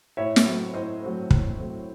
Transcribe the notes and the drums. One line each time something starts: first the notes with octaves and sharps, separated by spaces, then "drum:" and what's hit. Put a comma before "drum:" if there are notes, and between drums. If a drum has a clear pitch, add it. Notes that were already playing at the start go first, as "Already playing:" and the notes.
A2 C#5 E5
drum: snare
F#3 A3 C4
A2 C5 D#5
F#3 A3 C4
A2, drum: kick
F#3 A3 C4